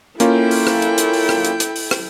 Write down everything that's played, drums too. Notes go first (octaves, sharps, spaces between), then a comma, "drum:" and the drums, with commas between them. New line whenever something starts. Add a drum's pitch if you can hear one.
A#3 C#4 E4 F4 A4 G5, drum: hi-hat
drum: open hi-hat
drum: rim click
drum: hi-hat
drum: hi-hat
drum: open hi-hat
drum: rim click
drum: hi-hat
drum: hi-hat
drum: open hi-hat
drum: rim click